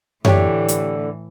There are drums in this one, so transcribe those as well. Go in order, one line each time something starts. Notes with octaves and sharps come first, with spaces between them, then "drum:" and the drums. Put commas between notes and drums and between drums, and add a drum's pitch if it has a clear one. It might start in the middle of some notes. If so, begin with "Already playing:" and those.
A2 D3 E3 A3 G4 C#5, drum: tom F#2
drum: hi-hat